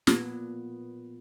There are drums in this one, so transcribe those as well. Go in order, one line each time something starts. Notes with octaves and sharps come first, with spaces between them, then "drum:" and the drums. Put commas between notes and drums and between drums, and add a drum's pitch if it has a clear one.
A#2 B3, drum: snare